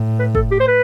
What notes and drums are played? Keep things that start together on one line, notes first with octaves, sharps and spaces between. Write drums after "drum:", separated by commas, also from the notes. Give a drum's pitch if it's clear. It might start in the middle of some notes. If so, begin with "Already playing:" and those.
Already playing: A2
B4
A4, drum: kick
G4
C5
B4